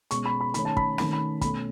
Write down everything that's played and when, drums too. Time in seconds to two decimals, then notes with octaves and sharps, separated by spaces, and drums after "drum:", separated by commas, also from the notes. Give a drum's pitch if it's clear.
0.11 B2 G#3 C#4 C#6, drum: hi-hat
0.26 B5
0.40 B5
0.54 D#3 A3 C#4 B5, drum: hi-hat
0.65 A5
0.77 B5, drum: kick
0.98 D#3 A3 C#4 B5, drum: snare
1.13 B5
1.41 B2 A3 C#4 B5, drum: kick, hi-hat